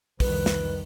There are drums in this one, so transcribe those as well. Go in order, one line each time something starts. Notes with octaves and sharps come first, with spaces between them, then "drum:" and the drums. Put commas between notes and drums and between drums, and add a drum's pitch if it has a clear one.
C2 F2 D#3 B4, drum: kick, open hi-hat
drum: snare